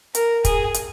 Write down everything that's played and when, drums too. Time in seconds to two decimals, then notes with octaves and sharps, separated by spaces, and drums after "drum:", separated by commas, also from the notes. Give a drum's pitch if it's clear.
0.15 A#4, drum: hi-hat
0.45 G#4, drum: kick, hi-hat
0.74 drum: hi-hat